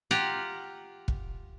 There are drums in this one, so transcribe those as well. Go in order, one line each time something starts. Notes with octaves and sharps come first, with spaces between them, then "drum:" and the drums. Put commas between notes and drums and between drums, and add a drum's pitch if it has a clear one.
F4 G4 F#5 A#5
drum: kick